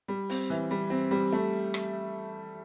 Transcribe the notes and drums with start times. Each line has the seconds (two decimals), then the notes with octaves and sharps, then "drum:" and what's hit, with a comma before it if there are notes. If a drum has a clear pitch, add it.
0.08 G3
0.30 C4, drum: open hi-hat
0.50 E3
0.71 G3
0.90 C4
1.11 G3
1.32 A3
1.74 drum: rim click